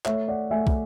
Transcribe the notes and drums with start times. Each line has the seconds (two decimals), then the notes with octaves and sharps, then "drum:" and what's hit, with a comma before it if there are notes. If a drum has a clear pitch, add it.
0.05 A3 C#5 E5, drum: clap
0.28 D5 F#5
0.51 A3 E5 G#5
0.67 drum: kick